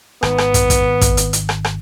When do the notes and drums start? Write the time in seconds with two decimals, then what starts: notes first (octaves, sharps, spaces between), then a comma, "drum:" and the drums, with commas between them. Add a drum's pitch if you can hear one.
0.23 G#1 D#3 B3, drum: rim click
0.38 drum: rim click
0.54 drum: kick, hi-hat
0.70 drum: kick, hi-hat
1.01 drum: kick, hi-hat
1.17 drum: hi-hat
1.33 drum: hi-hat
1.49 drum: rim click
1.65 drum: rim click